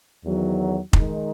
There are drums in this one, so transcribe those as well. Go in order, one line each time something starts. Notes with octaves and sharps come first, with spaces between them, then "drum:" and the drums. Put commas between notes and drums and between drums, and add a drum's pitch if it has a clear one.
E2 D#3 F#3
D#3 G#3 D#4, drum: kick F1